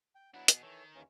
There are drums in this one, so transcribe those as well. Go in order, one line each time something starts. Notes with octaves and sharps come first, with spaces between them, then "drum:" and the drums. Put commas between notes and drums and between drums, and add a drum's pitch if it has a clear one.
G5
F#3 B3 D4 E4 F#5
B2 B3 G#4, drum: hi-hat
D#3 E3 A4 C#5
D#2 E3 C#4